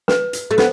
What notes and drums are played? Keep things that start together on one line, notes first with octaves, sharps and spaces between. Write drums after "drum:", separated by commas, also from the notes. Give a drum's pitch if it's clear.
B4, drum: snare
drum: hi-hat
A3
B3, drum: snare